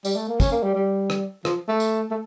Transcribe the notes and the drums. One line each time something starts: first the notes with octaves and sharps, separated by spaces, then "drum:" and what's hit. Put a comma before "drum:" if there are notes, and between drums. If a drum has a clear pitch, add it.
G3, drum: tambourine
A3
A#3
C#4, drum: kick, tambourine
A#3
G3
G3
drum: rim click
F3, drum: rim click
A3
drum: tambourine
A3